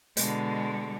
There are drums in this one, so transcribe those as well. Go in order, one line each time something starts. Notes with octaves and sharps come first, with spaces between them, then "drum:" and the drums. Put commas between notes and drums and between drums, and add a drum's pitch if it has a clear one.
B2 D3 G#3, drum: hi-hat